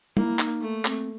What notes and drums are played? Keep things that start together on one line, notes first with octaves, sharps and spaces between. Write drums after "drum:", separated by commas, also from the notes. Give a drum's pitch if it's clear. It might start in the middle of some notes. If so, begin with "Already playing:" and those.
A#3 E4, drum: tom
D#4, drum: clap
A3
C4, drum: clap